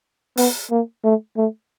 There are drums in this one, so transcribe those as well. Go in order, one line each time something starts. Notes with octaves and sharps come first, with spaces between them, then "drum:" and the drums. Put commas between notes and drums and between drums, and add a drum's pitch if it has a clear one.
B3, drum: open hi-hat
A#3
A3
A3